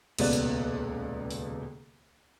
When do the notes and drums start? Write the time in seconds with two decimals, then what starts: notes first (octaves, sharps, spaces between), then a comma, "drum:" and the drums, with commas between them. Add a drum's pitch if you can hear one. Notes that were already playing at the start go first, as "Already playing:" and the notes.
0.18 D#1 C#2 B2 B3 D5 F#6, drum: cymbal
0.33 drum: tambourine
1.31 drum: open hi-hat